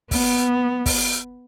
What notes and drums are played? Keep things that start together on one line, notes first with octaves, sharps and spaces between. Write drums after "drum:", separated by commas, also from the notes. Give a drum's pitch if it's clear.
B3, drum: kick, open hi-hat
drum: kick, open hi-hat